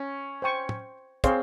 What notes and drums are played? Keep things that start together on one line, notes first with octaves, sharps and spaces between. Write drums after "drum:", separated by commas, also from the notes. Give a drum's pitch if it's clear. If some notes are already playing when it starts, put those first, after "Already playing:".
Already playing: C#4
C5 G5 C#6
drum: tom
C4 G#4 C#5 F5 C6, drum: kick, hi-hat